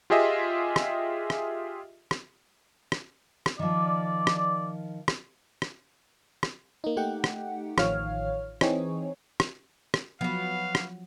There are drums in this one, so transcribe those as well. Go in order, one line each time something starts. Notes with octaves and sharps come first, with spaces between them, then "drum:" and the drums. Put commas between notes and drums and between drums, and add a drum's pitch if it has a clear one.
F4 G4 G#4 D#5 E5
drum: rim click
drum: rim click
drum: rim click
drum: rim click
drum: rim click
D#3 F3 D5
drum: rim click
drum: rim click
drum: rim click
drum: rim click
A#3 D#4
A3 D#4 G4 F#5 G5
drum: rim click
A1 D#3 F3 C#5 F5 F6, drum: rim click
E3 C4 D#4 G#4 C#5, drum: rim click
drum: rim click
drum: rim click
F3 F#3 B3 F#4 F5 F#5
drum: rim click